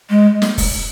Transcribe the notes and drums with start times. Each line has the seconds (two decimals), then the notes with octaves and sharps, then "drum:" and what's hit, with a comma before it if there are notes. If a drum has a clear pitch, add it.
0.10 G#3
0.42 drum: snare
0.58 drum: kick, open hi-hat